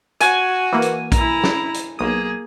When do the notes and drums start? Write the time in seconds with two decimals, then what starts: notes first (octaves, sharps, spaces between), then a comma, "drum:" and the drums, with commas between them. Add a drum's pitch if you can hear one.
0.21 F#4 G#5, drum: hi-hat
0.72 E3 A#3
0.82 drum: hi-hat
1.12 E4 A#5, drum: kick A#1, hi-hat
1.44 drum: snare
1.74 drum: hi-hat
1.99 B1 A#3 G#4 D#6